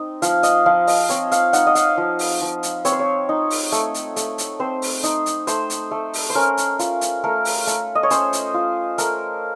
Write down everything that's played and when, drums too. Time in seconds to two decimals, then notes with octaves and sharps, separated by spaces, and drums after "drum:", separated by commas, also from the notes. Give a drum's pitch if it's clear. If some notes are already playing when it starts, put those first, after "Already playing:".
Already playing: C4 D#4
0.22 F3 F5, drum: hi-hat
0.43 D#5, drum: hi-hat
0.66 F3 F5
0.87 D#5, drum: open hi-hat
1.09 C4 C#5, drum: hi-hat
1.32 F5, drum: hi-hat
1.53 D#4 F#5, drum: hi-hat
1.67 D#5
1.75 F5, drum: hi-hat
1.97 F3
2.19 drum: open hi-hat
2.41 F3
2.63 drum: hi-hat
2.85 C4 C#5, drum: hi-hat
2.92 C5
2.99 C#5
3.29 D#4
3.50 drum: open hi-hat
3.72 A3, drum: hi-hat
3.94 drum: hi-hat
4.16 A3, drum: hi-hat
4.38 drum: hi-hat
4.60 C4 C5
4.82 drum: open hi-hat
5.03 D#4, drum: hi-hat
5.26 drum: hi-hat
5.47 A3 C5, drum: hi-hat
5.70 drum: hi-hat
5.91 A3
6.14 drum: open hi-hat
6.30 C5
6.35 C#4 A#4
6.57 drum: hi-hat
6.79 F4, drum: hi-hat
7.01 drum: hi-hat
7.24 A3 A#4
7.45 drum: open hi-hat
7.67 A3, drum: hi-hat
7.95 D#5
8.03 C#5
8.10 C#4 C5, drum: hi-hat
8.33 drum: hi-hat
8.54 F4
8.98 A3 A#4, drum: hi-hat